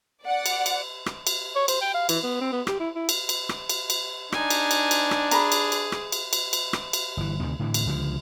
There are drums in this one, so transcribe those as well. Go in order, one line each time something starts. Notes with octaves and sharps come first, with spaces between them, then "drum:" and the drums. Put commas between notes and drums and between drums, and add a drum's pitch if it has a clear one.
D5 F#5
drum: cymbal
drum: cymbal
drum: rim click
drum: cymbal
C#5
C5, drum: cymbal
G5
F5
E3, drum: cymbal
B3
C4
B3
G4, drum: rim click
E4
E4
drum: cymbal
drum: cymbal
drum: rim click
drum: cymbal
drum: cymbal
D4 D#4 G#5, drum: rim click
drum: cymbal
drum: cymbal
drum: cymbal
drum: rim click
G#4 A#5 B5, drum: cymbal
drum: cymbal
drum: cymbal
drum: rim click
drum: cymbal
drum: cymbal
drum: cymbal
drum: rim click
drum: cymbal
G1 E3
D2 C3 D#3
A2 D3 E3
drum: cymbal
C#2 D3 E3 F3